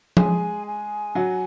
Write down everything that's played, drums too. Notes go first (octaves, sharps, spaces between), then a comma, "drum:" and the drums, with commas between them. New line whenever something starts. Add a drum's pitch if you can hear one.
G#3 G#4 G#5, drum: tom F3
G#5
F#3 F#4